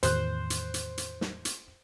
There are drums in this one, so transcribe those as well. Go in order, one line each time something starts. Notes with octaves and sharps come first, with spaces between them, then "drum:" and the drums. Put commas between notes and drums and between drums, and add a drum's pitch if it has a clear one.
E2 A2 D#3 C5 F#6, drum: hi-hat
drum: hi-hat
drum: hi-hat
drum: hi-hat
drum: snare
drum: hi-hat